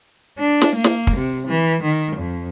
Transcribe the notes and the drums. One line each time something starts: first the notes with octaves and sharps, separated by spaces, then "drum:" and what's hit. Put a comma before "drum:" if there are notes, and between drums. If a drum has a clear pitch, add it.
D4
drum: snare
A#3
drum: snare
drum: kick
C3
E3
D#3
F2